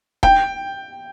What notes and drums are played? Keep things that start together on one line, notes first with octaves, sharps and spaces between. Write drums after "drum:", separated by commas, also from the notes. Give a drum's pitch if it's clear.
G5, drum: kick D#1